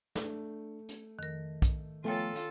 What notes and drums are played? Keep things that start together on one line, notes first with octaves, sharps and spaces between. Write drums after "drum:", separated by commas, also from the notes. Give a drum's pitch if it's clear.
A3 D4, drum: snare
drum: hi-hat
F2 D#3 A#4
drum: kick, hi-hat
F3 A3 B3 F4 A4 C#5 G5 G#5
drum: hi-hat